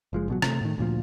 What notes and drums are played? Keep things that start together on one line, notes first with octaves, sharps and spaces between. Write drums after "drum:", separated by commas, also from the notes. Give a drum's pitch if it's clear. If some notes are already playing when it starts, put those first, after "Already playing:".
F#1 F3 G#3
A1 B2 F#3
C3 A3, drum: rim click
A2 D#3
D2 A#2 F3